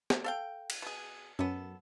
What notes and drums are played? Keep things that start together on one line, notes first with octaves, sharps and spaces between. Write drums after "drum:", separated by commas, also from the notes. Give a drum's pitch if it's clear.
drum: snare
A4 F5 G5
drum: cymbal
B2 G#4
F#2 B3 A4